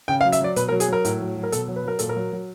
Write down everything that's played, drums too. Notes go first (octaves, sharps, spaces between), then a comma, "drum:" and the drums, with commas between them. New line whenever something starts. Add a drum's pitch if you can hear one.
C#3 G5
F5
F#3
E5, drum: hi-hat
F#3 D5
B2 B4, drum: hi-hat
A#4
F#3
G#4, drum: hi-hat
F#3 A#4
A2, drum: hi-hat
F#3
F#3
A#4
B2 A4, drum: hi-hat
F#3
B4
F#3 A#4
A#2 A4, drum: hi-hat
A#4
F#3
F#3